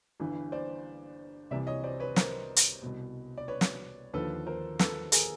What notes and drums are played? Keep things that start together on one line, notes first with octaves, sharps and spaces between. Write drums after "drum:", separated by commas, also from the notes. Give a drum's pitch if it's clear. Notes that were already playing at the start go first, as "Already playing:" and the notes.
G1 G2 E3
C5 D5
C2 C3 E3 D5 E5
C#5 D#5
C5 D5
B4 C#5
A#4 C5, drum: snare
drum: hi-hat
C2 B2
D5
B4 C#5
drum: snare
D#2 D3 F3 A4 B4
A#4 C5
A4 B4, drum: snare
G#4 A#4, drum: hi-hat